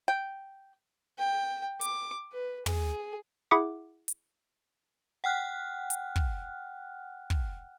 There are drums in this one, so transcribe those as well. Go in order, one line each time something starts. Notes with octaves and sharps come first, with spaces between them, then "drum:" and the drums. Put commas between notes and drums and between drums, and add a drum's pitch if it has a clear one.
G5
G5
D6, drum: hi-hat
B4
G#4, drum: tom
E4 G#4 E5 F#5 D6
drum: hi-hat
F#5 G5 F6 F#6
drum: hi-hat
drum: kick
drum: kick